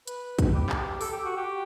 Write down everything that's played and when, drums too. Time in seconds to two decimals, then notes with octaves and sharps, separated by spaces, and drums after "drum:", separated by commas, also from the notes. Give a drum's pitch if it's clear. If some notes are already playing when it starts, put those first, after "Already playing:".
0.07 B4, drum: hi-hat
0.39 drum: kick, hi-hat
0.54 G4
0.69 drum: clap
1.01 A4, drum: open hi-hat
1.12 G4
1.25 F#4
1.36 G4